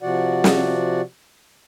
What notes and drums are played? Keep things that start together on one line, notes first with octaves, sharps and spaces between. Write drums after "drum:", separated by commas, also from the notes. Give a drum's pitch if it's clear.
C3 F3 F#4 D5 F#5
drum: snare